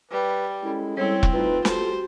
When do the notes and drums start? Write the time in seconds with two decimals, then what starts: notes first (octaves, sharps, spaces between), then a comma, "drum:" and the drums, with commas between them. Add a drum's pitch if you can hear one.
0.11 G3 B4
0.63 G#3 C#4 E4 A4
0.97 G3 C4 E4 C#5
1.23 drum: kick E1
1.33 A3 D#4 F4 B4
1.65 F#4 G4 A4 C5, drum: snare